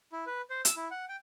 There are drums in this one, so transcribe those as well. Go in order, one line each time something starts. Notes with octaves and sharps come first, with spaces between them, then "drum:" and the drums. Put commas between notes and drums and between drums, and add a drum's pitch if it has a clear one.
E4
B4
C5
E6, drum: hi-hat
E4
F#5
G5